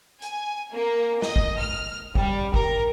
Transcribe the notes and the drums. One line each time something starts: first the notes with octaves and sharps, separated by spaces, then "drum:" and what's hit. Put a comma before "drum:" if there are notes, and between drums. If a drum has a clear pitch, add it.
G#5, drum: hi-hat
A#3
D#5, drum: snare
drum: kick
F6
G3, drum: kick
A#4, drum: kick